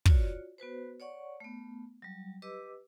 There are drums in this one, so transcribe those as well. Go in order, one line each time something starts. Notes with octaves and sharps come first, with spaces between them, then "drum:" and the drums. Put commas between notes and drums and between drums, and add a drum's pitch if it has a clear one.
F4 F#4 C#5 D5, drum: kick
B3 F#4 B4 C5
C#5 D5 F#5 C#6
A3 B3
F#3 G3
G4 B4 D#5 D6 E6